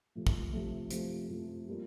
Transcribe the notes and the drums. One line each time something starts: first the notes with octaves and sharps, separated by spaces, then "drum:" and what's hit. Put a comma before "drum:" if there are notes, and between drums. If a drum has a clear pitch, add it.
C3 F3 A3
drum: kick
C3 F3 A3
C3 F3 A3, drum: hi-hat
C3 F3 A3
G3 A#3 F4